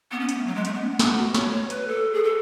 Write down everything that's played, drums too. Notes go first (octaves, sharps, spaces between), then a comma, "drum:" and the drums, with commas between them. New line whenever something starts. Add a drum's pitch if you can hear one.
B3
C#4
B3, drum: hi-hat
A3
F#3
G#3
A3, drum: hi-hat
B3
C#4
B3
drum: snare
F#4
C#5, drum: snare
C#5
B4, drum: hi-hat
A4
G#4
A4